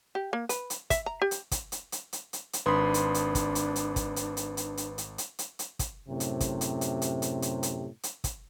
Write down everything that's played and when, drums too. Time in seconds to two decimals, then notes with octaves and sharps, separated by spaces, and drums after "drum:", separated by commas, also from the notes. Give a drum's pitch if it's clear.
0.15 G4
0.33 A#3
0.49 B4, drum: hi-hat
0.70 drum: hi-hat
0.90 E5, drum: kick, hi-hat
1.06 A#5
1.22 G4
1.31 drum: hi-hat
1.51 drum: kick, hi-hat
1.72 drum: hi-hat
1.92 drum: hi-hat
2.13 drum: hi-hat
2.33 drum: hi-hat
2.53 drum: hi-hat
2.66 G#1 D4 B4 B5 C6 D#6
2.94 drum: hi-hat
3.14 drum: hi-hat
3.35 drum: kick, hi-hat
3.55 drum: hi-hat
3.76 drum: hi-hat
3.96 drum: kick, hi-hat
4.16 drum: hi-hat
4.37 drum: hi-hat
4.57 drum: hi-hat
4.77 drum: hi-hat
4.98 drum: hi-hat
5.18 drum: hi-hat
5.39 drum: hi-hat
5.59 drum: hi-hat
5.79 drum: kick, hi-hat
6.08 F#2 A2 C3
6.20 drum: hi-hat
6.40 drum: kick, hi-hat
6.61 drum: hi-hat
6.81 drum: hi-hat
7.02 drum: hi-hat
7.22 drum: hi-hat
7.42 drum: hi-hat
7.63 drum: hi-hat
8.03 drum: hi-hat
8.24 drum: kick, hi-hat